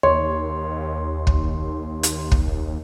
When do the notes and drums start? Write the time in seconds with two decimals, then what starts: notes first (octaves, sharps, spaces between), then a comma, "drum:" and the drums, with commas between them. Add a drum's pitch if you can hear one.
0.03 D#2 C#5 C6
1.27 drum: kick
2.03 drum: hi-hat
2.32 drum: kick